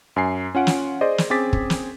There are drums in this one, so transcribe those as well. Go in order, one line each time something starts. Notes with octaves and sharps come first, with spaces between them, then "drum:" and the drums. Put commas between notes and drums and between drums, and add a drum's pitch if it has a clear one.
F#2 G#5 C7
C#4 F4 F#5 D7
drum: snare
G#4 C5 D5 D#5
drum: snare
C4 C#4 G#4 D6 A6 B6
drum: kick
drum: snare